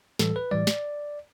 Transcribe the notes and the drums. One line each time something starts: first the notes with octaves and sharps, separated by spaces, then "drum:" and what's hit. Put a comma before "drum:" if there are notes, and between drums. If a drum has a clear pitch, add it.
A2 E3 G3 A4, drum: snare
B4
A2 E3 G3 D5
drum: snare